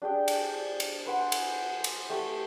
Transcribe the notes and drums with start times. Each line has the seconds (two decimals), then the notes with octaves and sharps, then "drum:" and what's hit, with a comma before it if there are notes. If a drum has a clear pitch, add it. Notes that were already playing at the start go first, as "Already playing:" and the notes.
0.02 D4 G4 G#4 G5
0.28 drum: cymbal
0.80 drum: cymbal
1.06 B4 C5 F#5 G#5
1.32 drum: cymbal
1.84 drum: cymbal
2.10 A3 G4